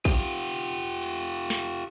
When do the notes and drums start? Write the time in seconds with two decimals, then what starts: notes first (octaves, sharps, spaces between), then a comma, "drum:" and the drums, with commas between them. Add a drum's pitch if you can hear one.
0.05 F4 G4, drum: kick
1.03 drum: cymbal
1.50 drum: snare